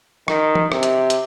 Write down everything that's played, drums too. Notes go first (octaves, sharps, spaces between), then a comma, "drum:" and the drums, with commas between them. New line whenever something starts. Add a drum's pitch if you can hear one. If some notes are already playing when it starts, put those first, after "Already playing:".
D#3, drum: rim click
drum: tom
C3, drum: rim click
drum: hi-hat
drum: hi-hat